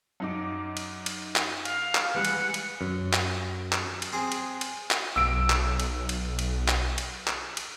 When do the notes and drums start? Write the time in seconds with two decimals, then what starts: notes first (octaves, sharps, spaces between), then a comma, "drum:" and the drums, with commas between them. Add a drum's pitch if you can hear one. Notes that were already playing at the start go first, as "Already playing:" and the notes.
0.20 F#2 D#4 D6
0.77 drum: cymbal
1.06 drum: cymbal
1.36 drum: clap
1.65 F5, drum: cymbal
1.95 drum: clap
2.14 E3 G3 G#3 F#5
2.25 drum: cymbal
2.54 drum: cymbal
2.81 F#2
3.13 drum: clap
3.72 drum: clap
4.02 drum: cymbal
4.13 C4 G#4
4.32 drum: cymbal
4.61 drum: cymbal
4.91 drum: clap
5.16 B1 E6 D7
5.50 drum: clap
5.80 drum: cymbal
6.09 drum: cymbal
6.39 drum: cymbal
6.68 drum: clap
6.98 drum: cymbal
7.27 drum: clap
7.57 drum: cymbal